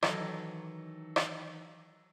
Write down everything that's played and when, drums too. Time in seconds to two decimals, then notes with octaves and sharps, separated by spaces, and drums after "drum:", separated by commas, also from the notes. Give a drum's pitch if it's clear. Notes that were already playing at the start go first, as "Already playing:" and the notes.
0.03 D#3 E3 F#3 D#4 A4, drum: rim click
1.16 drum: rim click